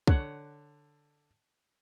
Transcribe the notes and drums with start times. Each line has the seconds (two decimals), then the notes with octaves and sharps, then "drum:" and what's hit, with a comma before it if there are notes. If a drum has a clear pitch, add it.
0.07 D3 C#5 F#5, drum: kick